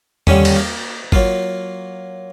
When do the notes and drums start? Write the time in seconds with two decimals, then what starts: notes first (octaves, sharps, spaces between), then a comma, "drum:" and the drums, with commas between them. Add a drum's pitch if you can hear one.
0.27 D3 D#3 G3 A#3 C#4 D#4, drum: tom E2
0.45 drum: cymbal
0.56 A#3
1.12 F#3 A#3 F4, drum: kick